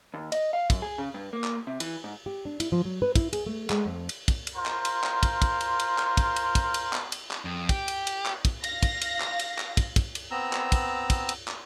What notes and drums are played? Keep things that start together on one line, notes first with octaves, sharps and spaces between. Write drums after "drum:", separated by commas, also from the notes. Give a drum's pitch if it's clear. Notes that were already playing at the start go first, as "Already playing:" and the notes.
D#2
D#5, drum: cymbal
F5
F#2, drum: kick, cymbal
G#4
C#3
G2
A#3
drum: clap
C3
E3, drum: cymbal
G#2
G4
D4
E4, drum: cymbal
F3
F#3
B4
E4, drum: kick, cymbal
G#4, drum: cymbal
A3
G#3, drum: clap
F2
drum: cymbal
drum: kick, cymbal
drum: cymbal
F4 A#4 C5
drum: clap
drum: cymbal
drum: clap
drum: kick, cymbal
drum: kick, cymbal
drum: cymbal
drum: cymbal
drum: clap
drum: kick, cymbal
drum: cymbal
drum: kick, cymbal
drum: cymbal
drum: clap
drum: cymbal
drum: clap
F2
G4, drum: kick, cymbal
drum: cymbal
drum: cymbal
drum: clap
drum: kick, cymbal
F5 A#6, drum: cymbal
drum: kick, cymbal
drum: cymbal
drum: clap
drum: cymbal
drum: clap
drum: kick, cymbal
drum: kick, cymbal
drum: cymbal
B3 C4 A#5 E6
drum: clap
drum: kick, cymbal
drum: kick, cymbal
drum: cymbal
drum: clap